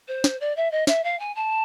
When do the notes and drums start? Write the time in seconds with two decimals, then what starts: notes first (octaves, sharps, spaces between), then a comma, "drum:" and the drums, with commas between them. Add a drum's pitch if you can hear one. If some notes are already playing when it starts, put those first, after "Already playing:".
0.08 C5
0.24 drum: snare
0.40 D5
0.56 E5
0.71 D#5
0.87 E5, drum: snare
1.04 F5
1.19 G#5
1.35 A5